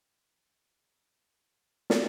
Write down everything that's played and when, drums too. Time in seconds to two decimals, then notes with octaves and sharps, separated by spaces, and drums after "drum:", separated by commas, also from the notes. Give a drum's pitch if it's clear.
0.02 F#4 A#4
0.29 F4 G#4
0.55 F#4 A#4
0.82 G#4 B4
1.90 drum: snare